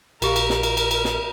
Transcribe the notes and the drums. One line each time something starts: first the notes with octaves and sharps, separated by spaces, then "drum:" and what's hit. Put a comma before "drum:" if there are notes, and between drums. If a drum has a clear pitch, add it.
A#1 F4 G4 A#4 F5, drum: cymbal
drum: cymbal
drum: snare
drum: cymbal
drum: cymbal
drum: cymbal
drum: snare